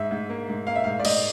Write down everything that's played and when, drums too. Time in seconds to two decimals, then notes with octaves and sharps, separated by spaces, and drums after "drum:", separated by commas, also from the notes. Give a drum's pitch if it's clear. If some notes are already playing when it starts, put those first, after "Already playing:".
Already playing: G#2 E5
0.11 G#2
0.30 A#3
0.49 G#2
0.67 A#3 F5
0.75 E5
0.84 G#2 F5
1.00 D5
1.05 G#2 D#5, drum: cymbal